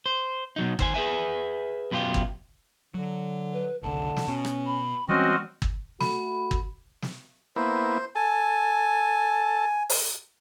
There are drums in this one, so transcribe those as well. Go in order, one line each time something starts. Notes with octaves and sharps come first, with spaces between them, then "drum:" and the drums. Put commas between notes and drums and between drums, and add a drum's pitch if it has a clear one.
C5
B2 F#3 D#4
D#3 C5 G#5, drum: kick
G#4 B4 E5 G#5
F#2 B2 E4 F4 G4
drum: kick
D3 F#3
B4
F#1 C2 D3 A5
drum: snare
B2 C#4
drum: rim click
B5
E3 G3 G#3 C4 C#4 F#4 D#5 F6
drum: kick
A3 F#4 B5, drum: snare
drum: kick
drum: snare
A#3 B3 E4 C5
A4 G#5 A5
drum: open hi-hat